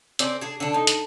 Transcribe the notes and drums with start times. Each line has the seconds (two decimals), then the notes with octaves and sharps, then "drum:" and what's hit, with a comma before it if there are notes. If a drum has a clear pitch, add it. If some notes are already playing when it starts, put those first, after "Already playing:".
0.19 C4 C#4 D5, drum: hi-hat
0.41 D4 G#4
0.60 D3 D4
0.74 D#4
0.87 drum: hi-hat